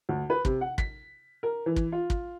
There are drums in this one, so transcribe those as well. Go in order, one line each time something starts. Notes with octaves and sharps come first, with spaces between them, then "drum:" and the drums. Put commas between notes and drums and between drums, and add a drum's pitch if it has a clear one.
D2
B4
C3, drum: kick
F#5
B6, drum: kick
A#4
E3
drum: kick
F4
drum: kick